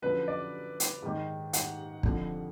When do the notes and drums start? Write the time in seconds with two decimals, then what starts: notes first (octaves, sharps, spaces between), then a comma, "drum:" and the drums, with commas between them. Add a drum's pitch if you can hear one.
0.02 F#2 D3 F3 B4
0.28 D5
0.80 drum: hi-hat
1.03 G#2 D#3
1.53 F#5, drum: hi-hat
2.03 F2 D3 F3, drum: kick